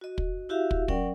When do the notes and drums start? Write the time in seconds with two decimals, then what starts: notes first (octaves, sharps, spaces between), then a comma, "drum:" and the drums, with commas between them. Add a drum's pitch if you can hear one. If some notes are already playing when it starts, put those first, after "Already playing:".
0.01 F#4 D#5
0.18 drum: kick
0.49 E4 F#4 G4 E5 F5
0.71 drum: kick
0.88 F#3 C#4 A#4 D5 F#5 G5, drum: kick